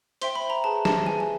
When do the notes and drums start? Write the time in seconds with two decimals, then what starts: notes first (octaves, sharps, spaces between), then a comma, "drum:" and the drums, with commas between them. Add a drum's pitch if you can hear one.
0.22 C5 E5 G5 C6, drum: hi-hat
0.36 B5
0.50 A#5
0.64 G#4 B4 E5 A5
0.85 A5, drum: snare
1.06 G#4 B4 E5 G#5
1.20 G#5